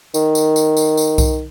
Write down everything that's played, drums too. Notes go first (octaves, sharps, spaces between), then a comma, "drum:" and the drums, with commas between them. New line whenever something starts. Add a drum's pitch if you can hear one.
D#3, drum: tambourine
drum: tambourine
drum: tambourine
drum: tambourine
drum: tambourine
drum: kick C2, tambourine